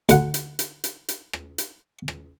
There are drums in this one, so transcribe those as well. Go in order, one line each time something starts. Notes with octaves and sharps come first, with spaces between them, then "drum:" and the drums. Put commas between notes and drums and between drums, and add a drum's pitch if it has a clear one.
D2 F#5, drum: hi-hat
drum: hi-hat
drum: hi-hat
drum: hi-hat
drum: hi-hat
drum: rim click
drum: hi-hat
drum: rim click